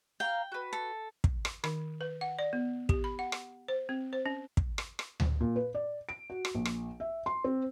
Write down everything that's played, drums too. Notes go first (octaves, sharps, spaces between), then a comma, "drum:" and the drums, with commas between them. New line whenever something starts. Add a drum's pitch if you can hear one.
F5 G5 A#5 F6
F#4 B4
A4
drum: kick
drum: rim click
D#3, drum: rim click
B4
F#5
D5
B3
G4, drum: kick
B5
F#5
drum: rim click
C5
C4
C5
C#4
drum: kick
drum: rim click
drum: rim click
drum: tom D2
A#2
B4
D5
D7
F#4
drum: rim click
A#1
drum: rim click
E5
C6
C4